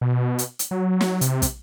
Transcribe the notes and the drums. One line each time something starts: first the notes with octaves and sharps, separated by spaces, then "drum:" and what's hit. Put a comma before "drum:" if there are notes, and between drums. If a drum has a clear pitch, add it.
B2
drum: hi-hat
drum: hi-hat
F#3
drum: snare
C3, drum: hi-hat
drum: kick, hi-hat